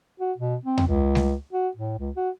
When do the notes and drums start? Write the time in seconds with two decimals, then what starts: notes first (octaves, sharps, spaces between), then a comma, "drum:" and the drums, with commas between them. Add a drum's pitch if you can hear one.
0.20 F#4
0.38 B2
0.65 C4
0.77 drum: tom E2
0.87 C#2
1.15 drum: snare G3
1.53 F#4
1.77 A2
1.99 C#2
2.17 F#4